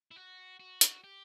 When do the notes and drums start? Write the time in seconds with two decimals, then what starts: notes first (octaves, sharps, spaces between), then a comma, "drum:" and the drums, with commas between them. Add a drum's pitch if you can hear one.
0.11 E4
0.16 F#4
0.60 F#4
0.81 drum: hi-hat
1.04 G4